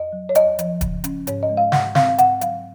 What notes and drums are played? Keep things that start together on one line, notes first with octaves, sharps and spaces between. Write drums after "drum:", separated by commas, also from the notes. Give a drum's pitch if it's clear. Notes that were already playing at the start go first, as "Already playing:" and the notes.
Already playing: F2 D#5
F#3
C#5
D#2 D#5, drum: hi-hat
F3, drum: hi-hat
C#3, drum: kick, hi-hat
C#4, drum: hi-hat
G#2 C#5, drum: hi-hat
D#5
G#3
F5
G#2 F#5, drum: snare
C4 F5, drum: snare
F5
G#2 F#5, drum: hi-hat
F#3 F5, drum: hi-hat